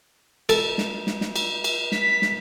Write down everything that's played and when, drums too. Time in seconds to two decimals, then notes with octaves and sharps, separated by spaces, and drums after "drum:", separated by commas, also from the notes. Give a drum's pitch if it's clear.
0.49 A4, drum: cymbal
0.78 drum: snare
1.07 drum: snare
1.21 drum: snare
1.36 drum: cymbal
1.64 drum: cymbal
1.92 B6, drum: snare
2.22 drum: snare